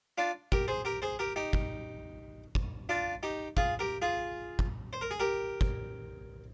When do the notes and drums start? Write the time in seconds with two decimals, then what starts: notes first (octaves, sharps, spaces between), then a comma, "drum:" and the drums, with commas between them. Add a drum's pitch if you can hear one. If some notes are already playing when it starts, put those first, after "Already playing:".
0.18 D4 F4
0.52 G4 A#4, drum: kick
0.68 G#4 C5
0.85 G4 A#4
1.02 G#4 C5
1.19 G4 A#4
1.36 D#4 G4
1.53 drum: kick
2.55 drum: kick
2.89 D4 F4
3.23 D#4 G4
3.57 F4 G#4, drum: kick
3.79 G4 A#4
4.02 F4 G#4
4.59 drum: kick
4.93 C5
5.01 A#4
5.11 G#4
5.20 G4 A#4
5.61 drum: kick